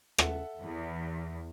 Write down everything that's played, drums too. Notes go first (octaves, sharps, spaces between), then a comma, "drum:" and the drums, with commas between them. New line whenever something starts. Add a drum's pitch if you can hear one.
A4 E5 F#5, drum: rim click
E2